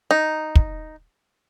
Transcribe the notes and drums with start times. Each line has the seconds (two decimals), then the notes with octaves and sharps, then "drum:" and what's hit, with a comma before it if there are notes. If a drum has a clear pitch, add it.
0.11 D#4
0.55 drum: kick